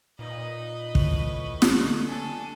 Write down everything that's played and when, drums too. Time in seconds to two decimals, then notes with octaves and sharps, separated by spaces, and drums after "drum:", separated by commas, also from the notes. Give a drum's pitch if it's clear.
0.19 A#2 D#4 B4 D#5
0.95 A2 C#6, drum: kick
1.62 D3, drum: snare
2.07 D4 A4 G#5